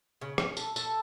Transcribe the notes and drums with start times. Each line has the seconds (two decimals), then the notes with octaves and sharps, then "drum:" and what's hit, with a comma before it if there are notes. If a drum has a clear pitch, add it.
0.21 C#3
0.38 C#4, drum: rim click
0.57 A4, drum: tambourine
0.76 A4, drum: tambourine